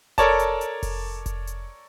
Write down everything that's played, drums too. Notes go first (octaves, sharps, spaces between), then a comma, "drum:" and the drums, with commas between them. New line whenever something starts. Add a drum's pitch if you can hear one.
A4 A#4 C#5 D5 A5, drum: kick F1, hi-hat
drum: hi-hat
drum: hi-hat
drum: kick F1, open hi-hat
drum: kick F1, hi-hat
drum: hi-hat